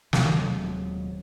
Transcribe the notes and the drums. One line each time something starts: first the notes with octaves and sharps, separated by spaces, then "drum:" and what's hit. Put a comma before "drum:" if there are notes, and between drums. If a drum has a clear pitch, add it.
D#1 F#3 G#3 C4, drum: snare